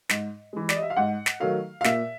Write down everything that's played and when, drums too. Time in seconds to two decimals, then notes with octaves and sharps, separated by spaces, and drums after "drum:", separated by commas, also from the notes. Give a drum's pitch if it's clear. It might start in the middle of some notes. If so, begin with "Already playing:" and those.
0.09 G#2, drum: snare
0.53 E3 G#3
0.69 D5, drum: snare
0.76 D#5
0.82 E5
0.90 F5
0.97 G#2 F#5
1.26 drum: snare
1.40 D#3 F#3 A3 F5
1.81 F5
1.84 A#2 E5, drum: snare